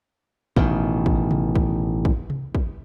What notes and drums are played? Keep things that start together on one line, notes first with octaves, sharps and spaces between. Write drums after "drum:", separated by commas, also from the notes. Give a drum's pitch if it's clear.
A1 B2 D#3, drum: kick
drum: kick
drum: tom C3
drum: kick
drum: kick
drum: tom C3
drum: kick